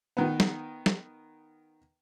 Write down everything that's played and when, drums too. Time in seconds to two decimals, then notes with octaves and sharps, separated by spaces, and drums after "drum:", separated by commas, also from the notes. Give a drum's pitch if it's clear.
0.17 D#3 B3
0.40 drum: snare
0.86 drum: snare